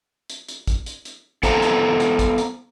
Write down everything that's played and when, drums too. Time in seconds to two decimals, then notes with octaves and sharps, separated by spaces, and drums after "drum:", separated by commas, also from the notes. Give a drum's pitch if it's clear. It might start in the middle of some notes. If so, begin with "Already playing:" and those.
0.30 drum: hi-hat
0.49 drum: hi-hat
0.67 drum: kick, hi-hat
0.86 drum: hi-hat
1.05 drum: hi-hat
1.43 B3 A4 C5 F5 A#5, drum: kick, hi-hat
1.62 drum: hi-hat
2.00 drum: hi-hat
2.19 drum: kick, hi-hat
2.38 drum: hi-hat